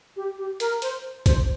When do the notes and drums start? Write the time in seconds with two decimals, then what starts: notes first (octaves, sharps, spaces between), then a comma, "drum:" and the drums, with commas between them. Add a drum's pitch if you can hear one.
0.16 G4
0.38 G4
0.60 A#4, drum: hi-hat
0.82 C5, drum: hi-hat
1.26 C5, drum: kick, hi-hat